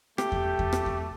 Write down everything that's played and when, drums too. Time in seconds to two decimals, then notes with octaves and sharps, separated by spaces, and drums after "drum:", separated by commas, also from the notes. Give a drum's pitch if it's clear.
0.18 A3 G4, drum: rim click
0.32 drum: kick E2
0.59 drum: kick E2
0.73 drum: rim click
0.86 drum: kick E2